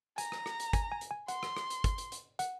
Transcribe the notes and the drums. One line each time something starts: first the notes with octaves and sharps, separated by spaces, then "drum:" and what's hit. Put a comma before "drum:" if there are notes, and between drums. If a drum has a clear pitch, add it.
G#5 A#5, drum: hi-hat
drum: rim click
drum: rim click
drum: hi-hat
G#5, drum: kick, hi-hat
G#5
drum: hi-hat
G#5
F#5 C6, drum: hi-hat
drum: rim click
drum: rim click
drum: hi-hat
drum: kick, hi-hat
drum: hi-hat
drum: hi-hat
F#5, drum: hi-hat